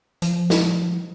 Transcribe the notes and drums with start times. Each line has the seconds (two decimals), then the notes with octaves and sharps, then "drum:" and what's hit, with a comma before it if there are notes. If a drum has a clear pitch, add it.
0.22 F3, drum: hi-hat
0.50 drum: snare